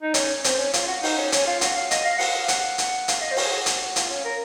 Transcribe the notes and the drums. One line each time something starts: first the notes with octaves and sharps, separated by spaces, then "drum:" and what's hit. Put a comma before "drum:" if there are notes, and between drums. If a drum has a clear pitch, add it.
D#4
C#4, drum: hi-hat
C4, drum: hi-hat
C#4
F4, drum: hi-hat
F#4
D#4, drum: open hi-hat
C#4
C#4, drum: hi-hat
F4
F#4, drum: hi-hat
F5
D#5, drum: hi-hat
F5
F#5, drum: open hi-hat
F5
F#5, drum: hi-hat
drum: hi-hat
F5, drum: hi-hat
D#5
C5
C#5, drum: open hi-hat
G#4
F#4
drum: hi-hat
F4, drum: hi-hat
C#4
A#4